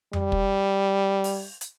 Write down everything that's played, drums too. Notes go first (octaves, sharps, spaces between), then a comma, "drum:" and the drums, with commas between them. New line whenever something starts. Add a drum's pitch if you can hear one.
G3, drum: tom F2
drum: kick
drum: open hi-hat
drum: hi-hat